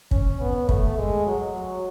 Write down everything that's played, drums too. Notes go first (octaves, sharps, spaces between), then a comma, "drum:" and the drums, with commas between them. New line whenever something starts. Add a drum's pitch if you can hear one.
C#4, drum: kick
B3
A3, drum: kick
G#3
F#3